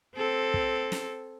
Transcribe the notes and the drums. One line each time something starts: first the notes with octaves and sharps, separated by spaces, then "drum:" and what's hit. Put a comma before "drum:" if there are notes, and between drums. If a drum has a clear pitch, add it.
C4 A4
drum: kick
drum: snare